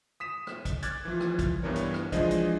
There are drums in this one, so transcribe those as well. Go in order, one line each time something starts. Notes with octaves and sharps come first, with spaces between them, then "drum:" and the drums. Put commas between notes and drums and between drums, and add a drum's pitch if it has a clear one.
D#6 B6 E7
drum: rim click
drum: kick, hi-hat
D6 F6 F#6 G#6 A6, drum: hi-hat
E3 F3
drum: rim click
drum: kick, hi-hat
G2 E3 B3 D4 A#4 C#5
drum: hi-hat
drum: rim click
E3 F3 G#3 D4 C5 D#5, drum: kick, hi-hat
drum: hi-hat